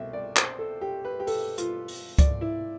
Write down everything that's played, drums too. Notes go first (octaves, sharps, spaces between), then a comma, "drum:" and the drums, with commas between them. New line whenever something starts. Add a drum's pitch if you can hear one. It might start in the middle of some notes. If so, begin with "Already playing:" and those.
Already playing: C2 B2 A3 C4 E5 G5
D5
C5, drum: clap
A4
G4
B4
G4
A4, drum: open hi-hat
F4, drum: hi-hat
drum: open hi-hat
D5, drum: kick C#2, hi-hat
E4